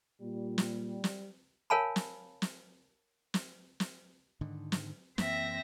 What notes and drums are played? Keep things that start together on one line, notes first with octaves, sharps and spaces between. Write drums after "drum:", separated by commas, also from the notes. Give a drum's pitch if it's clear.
A#2 G3
drum: snare
drum: snare
A#4 C#5 F5 G#5 A5 B5
drum: snare
drum: snare
drum: snare
drum: snare
G#2 D3 D#3
drum: snare
F#2 E3 A#3 C4 E5 A#6, drum: snare